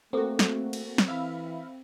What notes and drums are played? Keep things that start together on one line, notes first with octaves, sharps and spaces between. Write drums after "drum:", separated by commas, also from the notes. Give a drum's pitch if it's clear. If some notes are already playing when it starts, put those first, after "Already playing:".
A3 A#3 C4 F#4 G#4 A4
drum: snare
drum: cymbal
drum: snare
E3 E5 F5 B5